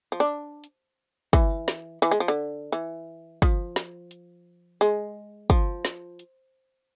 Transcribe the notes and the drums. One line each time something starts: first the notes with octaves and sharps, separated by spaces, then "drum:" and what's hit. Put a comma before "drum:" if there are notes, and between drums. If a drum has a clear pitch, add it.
F3
D4
drum: hi-hat
E3, drum: kick, hi-hat
drum: snare
E3, drum: hi-hat
G#3
F3
D3
E3, drum: hi-hat
F3, drum: kick, hi-hat
drum: snare
drum: hi-hat
G#3, drum: hi-hat
F3, drum: kick, hi-hat
drum: snare
drum: hi-hat